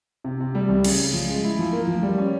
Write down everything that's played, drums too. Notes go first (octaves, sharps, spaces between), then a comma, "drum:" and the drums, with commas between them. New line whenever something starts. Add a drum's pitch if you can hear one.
C3
C3
G3
C2
C#3, drum: cymbal
C#3
F3
G#3
E4
F3
A#3
F3
G3
C#4